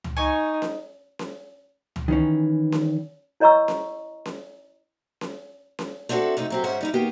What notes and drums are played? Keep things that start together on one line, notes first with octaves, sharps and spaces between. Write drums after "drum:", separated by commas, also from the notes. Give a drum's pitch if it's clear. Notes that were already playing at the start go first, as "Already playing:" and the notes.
drum: tom C#2
D#4 G#5 C#6
drum: snare C#4
drum: snare C#4
drum: tom C#2
D#3 E3 C#4
drum: snare C#4
E4 C#5 D#5 A#5 C#6 E6
drum: snare C#4
drum: snare C#4
drum: snare C#4
drum: snare C#4
A3 C4 D4 F#4 A4
F#2 C3 A3 D#4
F#3 C4 G4
G#2 C#4 C5 E5 F#5
G3 D#4 E4
D#3 A#3 B3 G4